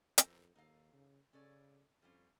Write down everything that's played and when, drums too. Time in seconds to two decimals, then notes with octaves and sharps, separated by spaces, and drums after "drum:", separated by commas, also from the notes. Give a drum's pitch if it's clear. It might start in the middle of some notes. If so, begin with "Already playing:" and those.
0.18 F2 A4 A#4 C5, drum: hi-hat
0.56 D#2 D#4 A4 F5
0.93 C#3
1.33 C#3 C#4 A4 D5
2.02 F2 G3 C#4 F4